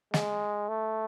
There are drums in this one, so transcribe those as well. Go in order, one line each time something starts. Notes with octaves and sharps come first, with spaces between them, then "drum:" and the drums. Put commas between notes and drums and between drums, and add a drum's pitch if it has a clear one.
G#3, drum: snare
A3